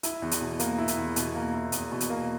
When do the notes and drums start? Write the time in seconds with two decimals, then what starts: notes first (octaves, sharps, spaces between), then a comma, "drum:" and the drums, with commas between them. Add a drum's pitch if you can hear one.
0.03 E4, drum: hi-hat
0.22 E2
0.31 drum: hi-hat
0.41 B2
0.59 A#3, drum: hi-hat
0.78 E4
0.88 drum: hi-hat
0.97 E2
1.16 B2, drum: hi-hat
1.35 A#3
1.54 E4
1.72 E2, drum: hi-hat
1.91 B2
2.00 drum: hi-hat
2.10 A#3